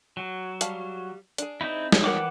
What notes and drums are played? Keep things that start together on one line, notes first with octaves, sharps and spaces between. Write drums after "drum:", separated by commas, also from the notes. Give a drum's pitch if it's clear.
F#3
G3 F5 A5, drum: hi-hat
D4 G#4, drum: hi-hat
C4 D#4 E4
drum: snare
E3 A#4 C#5 F#5 G5 D6